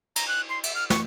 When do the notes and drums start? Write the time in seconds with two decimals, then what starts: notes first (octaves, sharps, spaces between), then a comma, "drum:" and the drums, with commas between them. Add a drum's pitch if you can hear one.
0.16 A#5, drum: cymbal
0.28 F#6
0.49 C6
0.64 E5, drum: cymbal
0.75 F6
0.90 C#6, drum: snare